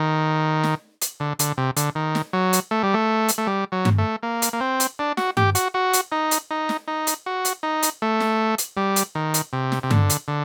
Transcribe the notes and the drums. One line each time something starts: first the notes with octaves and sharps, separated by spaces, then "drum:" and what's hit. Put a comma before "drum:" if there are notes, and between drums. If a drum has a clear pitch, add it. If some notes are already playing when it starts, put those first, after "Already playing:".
Already playing: D#3
drum: snare
drum: hi-hat
D3
D3, drum: hi-hat
C3
D3, drum: hi-hat
D#3
drum: snare
F#3
drum: hi-hat
A3
G3
A3
drum: hi-hat
A3
G3
F#3
drum: tom G2
A3
A#3
drum: hi-hat
A#3
C4
drum: hi-hat
D4
F#4, drum: snare
G4, drum: tom G2
F#4, drum: hi-hat
F#4
drum: hi-hat
D#4
drum: hi-hat
D#4
drum: snare
D#4
drum: hi-hat
F#4
drum: hi-hat
D#4
drum: hi-hat
A3
drum: snare
drum: hi-hat
G3
drum: hi-hat
D#3
drum: hi-hat
C3
drum: snare
C3
D3, drum: tom G2
drum: hi-hat
D3